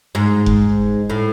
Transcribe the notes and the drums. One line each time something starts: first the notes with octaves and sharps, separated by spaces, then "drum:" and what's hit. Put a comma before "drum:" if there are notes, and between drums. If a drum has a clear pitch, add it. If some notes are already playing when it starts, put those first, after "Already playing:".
G#2
drum: kick F1
A2